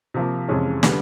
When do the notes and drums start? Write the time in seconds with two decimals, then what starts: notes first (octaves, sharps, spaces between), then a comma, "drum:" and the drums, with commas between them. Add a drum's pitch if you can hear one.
0.14 C3 F3 A#3
0.49 F2 C3 E3 G#3 C#4
0.83 D3 G3 B3, drum: snare